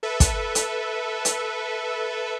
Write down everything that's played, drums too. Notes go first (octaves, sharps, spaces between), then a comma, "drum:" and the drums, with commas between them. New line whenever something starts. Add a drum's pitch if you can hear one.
A4 B4 E5
drum: kick, hi-hat
drum: hi-hat
drum: hi-hat